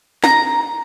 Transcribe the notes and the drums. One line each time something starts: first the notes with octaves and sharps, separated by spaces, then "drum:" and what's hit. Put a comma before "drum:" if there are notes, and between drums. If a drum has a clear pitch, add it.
A#5, drum: snare